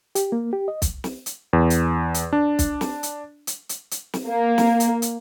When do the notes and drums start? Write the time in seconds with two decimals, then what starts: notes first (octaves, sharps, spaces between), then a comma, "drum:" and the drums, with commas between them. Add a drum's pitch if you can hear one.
0.15 G4, drum: hi-hat
0.32 A#3
0.53 G4
0.68 D#5
0.82 drum: kick, hi-hat
1.04 drum: snare
1.26 drum: hi-hat
1.53 E2
1.70 drum: hi-hat
2.14 drum: hi-hat
2.33 D4
2.59 drum: kick, hi-hat
2.81 drum: snare
3.03 drum: hi-hat
3.47 drum: hi-hat
3.69 drum: hi-hat
3.91 drum: hi-hat
4.14 drum: snare
4.29 A#3
4.58 drum: snare
4.80 drum: hi-hat
5.02 drum: hi-hat